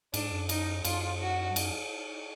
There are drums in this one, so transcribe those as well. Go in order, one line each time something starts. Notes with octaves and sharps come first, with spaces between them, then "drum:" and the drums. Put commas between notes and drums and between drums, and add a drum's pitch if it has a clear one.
G#2 D4, drum: cymbal
F#2
D#4, drum: cymbal
F#2 F4, drum: cymbal
F#4
G2
F#2, drum: cymbal